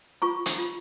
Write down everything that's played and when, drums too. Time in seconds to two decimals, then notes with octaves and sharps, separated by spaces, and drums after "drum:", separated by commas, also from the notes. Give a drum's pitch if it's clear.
0.22 F4 A#5 C#6
0.46 drum: hi-hat
0.58 F4